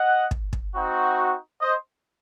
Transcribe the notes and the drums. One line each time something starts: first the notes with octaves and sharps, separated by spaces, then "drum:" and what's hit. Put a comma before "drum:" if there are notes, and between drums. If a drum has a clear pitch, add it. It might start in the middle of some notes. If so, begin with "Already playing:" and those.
Already playing: D#5 F#5
drum: kick
drum: kick
C4 D#4 F#4
C5 D#5